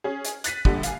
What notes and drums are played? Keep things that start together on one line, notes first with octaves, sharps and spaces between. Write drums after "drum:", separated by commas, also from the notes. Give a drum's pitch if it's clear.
C#4 G#4
drum: hi-hat
F#6 A6 B6 D#7, drum: hi-hat
A#1 D3 G3, drum: kick
F5 G#5, drum: hi-hat